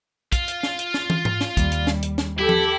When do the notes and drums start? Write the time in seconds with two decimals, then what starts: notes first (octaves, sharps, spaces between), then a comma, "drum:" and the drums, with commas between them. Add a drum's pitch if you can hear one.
0.32 F4 F5, drum: kick, hi-hat
0.48 drum: hi-hat
0.63 drum: snare
0.79 drum: hi-hat
0.94 drum: snare
1.10 drum: tom
1.25 drum: tom G#2
1.41 drum: snare
1.57 D#2 G3, drum: kick, hi-hat
1.72 drum: hi-hat
1.87 drum: snare
2.03 drum: hi-hat
2.18 drum: snare
2.39 E4 G4 A4
2.49 drum: tom F3